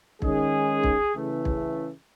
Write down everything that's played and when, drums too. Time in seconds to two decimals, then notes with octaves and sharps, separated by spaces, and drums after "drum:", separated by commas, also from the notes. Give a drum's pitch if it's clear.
0.22 D#3 G#3 C#4 G#4, drum: kick
0.84 drum: kick
1.15 C#3 E3 A3
1.45 drum: kick